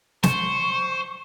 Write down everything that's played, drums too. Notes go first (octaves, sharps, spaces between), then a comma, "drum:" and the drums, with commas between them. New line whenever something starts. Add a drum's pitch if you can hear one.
C5 C#6, drum: snare